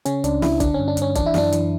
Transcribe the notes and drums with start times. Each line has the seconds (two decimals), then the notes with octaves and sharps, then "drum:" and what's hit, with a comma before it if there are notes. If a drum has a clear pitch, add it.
0.05 C#3 C#4, drum: hi-hat
0.24 C#2 D4, drum: hi-hat
0.42 C#2 E4, drum: snare
0.60 D3 D4, drum: kick, hi-hat
0.74 G2 C#4
0.88 D4
0.97 G2 C#4, drum: hi-hat
1.15 E3 D4, drum: kick, hi-hat
1.26 E4
1.34 F#2 D4, drum: snare
1.52 E3, drum: hi-hat